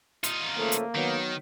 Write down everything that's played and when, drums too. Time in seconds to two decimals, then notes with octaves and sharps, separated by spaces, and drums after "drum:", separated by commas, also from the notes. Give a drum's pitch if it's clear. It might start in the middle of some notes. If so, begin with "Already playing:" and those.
0.24 D#4 F4, drum: hi-hat
0.57 C#3 F3 A3 A#3
0.72 drum: hi-hat
0.95 D#3 F#3 B3